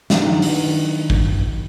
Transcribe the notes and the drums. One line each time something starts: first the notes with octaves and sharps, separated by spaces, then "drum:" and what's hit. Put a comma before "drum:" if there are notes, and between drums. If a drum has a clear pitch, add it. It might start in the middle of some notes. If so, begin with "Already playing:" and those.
D#3 F#3 D4 E4 F#4, drum: snare
drum: open hi-hat
drum: kick